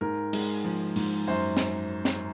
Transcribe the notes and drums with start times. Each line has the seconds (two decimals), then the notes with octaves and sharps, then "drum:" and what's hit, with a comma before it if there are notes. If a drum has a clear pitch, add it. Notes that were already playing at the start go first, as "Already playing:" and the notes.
0.01 G#2 A#4
0.33 G#3, drum: cymbal
0.64 F3
0.96 G#2, drum: open hi-hat
1.27 F#2 C5
1.57 drum: snare
2.05 drum: snare